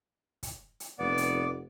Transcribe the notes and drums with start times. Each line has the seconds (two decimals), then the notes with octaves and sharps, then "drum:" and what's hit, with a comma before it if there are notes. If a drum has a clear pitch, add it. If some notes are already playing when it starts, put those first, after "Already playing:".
0.43 drum: kick, hi-hat
0.80 drum: hi-hat
0.99 F1 B3 D5
1.18 drum: hi-hat